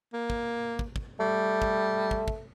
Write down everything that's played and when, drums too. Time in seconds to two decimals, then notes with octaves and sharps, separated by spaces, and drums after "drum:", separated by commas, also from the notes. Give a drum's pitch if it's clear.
0.13 A#3
0.30 drum: kick
0.79 drum: kick
0.96 drum: kick
1.20 G3 A3
1.62 drum: kick
2.11 drum: kick
2.28 drum: kick